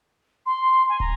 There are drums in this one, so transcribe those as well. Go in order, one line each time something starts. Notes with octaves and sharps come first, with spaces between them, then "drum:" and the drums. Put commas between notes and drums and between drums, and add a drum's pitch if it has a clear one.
C6
G#5
A#5, drum: kick